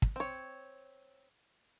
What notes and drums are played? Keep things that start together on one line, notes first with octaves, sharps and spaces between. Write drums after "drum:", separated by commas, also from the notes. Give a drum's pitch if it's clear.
drum: kick
C4 C#5